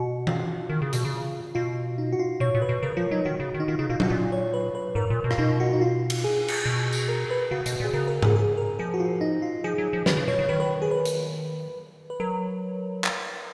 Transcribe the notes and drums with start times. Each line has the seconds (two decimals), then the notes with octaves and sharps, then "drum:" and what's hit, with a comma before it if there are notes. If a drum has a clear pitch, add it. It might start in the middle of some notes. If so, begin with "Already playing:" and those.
Already playing: B2 F#4
0.27 F4, drum: tom E3
0.70 D#3
0.82 C#3
0.93 B2, drum: hi-hat
1.05 C#3
1.55 B2 F4
1.98 D#4
2.12 F#4
2.19 F4
2.40 B2 C#5
2.54 A#2
2.62 B4
2.69 B2
2.83 C#3 A#4
2.97 F3 F4
3.11 F#3 D#4
3.25 D#3 F#4
3.40 C#3
3.54 D#3
3.60 D#4
3.68 D#3 F4
3.79 C#3 D#4
3.90 B2 F4
4.00 B2, drum: tom F#3
4.03 F#4
4.10 A#2 F4
4.32 C#5
4.54 B4
4.75 B4
4.95 G#2 A#4
5.10 A#2
5.24 B2
5.31 F4, drum: rim click
5.38 B2 D#4
5.60 F#4
5.73 D#4
5.81 F4
6.10 drum: cymbal
6.24 G#4
6.48 drum: cymbal
6.66 B2
6.93 drum: tambourine
7.08 A#4
7.31 B4
7.51 C#3 F#4
7.66 B2, drum: hi-hat
7.72 F#4
7.80 A#2 G#4
7.93 C#3 A#4
8.08 A#4
8.22 G#4, drum: tom G#2
8.36 G#4
8.57 A#4
8.79 F3 G#4
8.94 F#4
9.00 F4
9.21 D#4
9.42 F4
9.64 F3 G#4
9.78 F#3
9.93 F3
10.06 D#3 B4, drum: snare
10.17 C#3
10.28 B2 C#5
10.39 C#3
10.49 D#3 B4
10.60 B4
10.82 G#4
10.91 B4
11.05 drum: hi-hat
12.10 B4
12.20 F#3 A#4
13.04 drum: clap